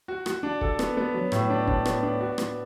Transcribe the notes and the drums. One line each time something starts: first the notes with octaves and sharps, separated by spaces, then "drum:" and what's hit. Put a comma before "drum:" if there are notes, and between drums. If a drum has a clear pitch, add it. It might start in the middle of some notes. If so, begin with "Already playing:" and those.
F#4
F#4, drum: rim click
D4
A4, drum: kick
B3, drum: rim click
B3
F#3
A2, drum: rim click
D4
D4, drum: kick
B3, drum: rim click
D4
F#4
B3, drum: rim click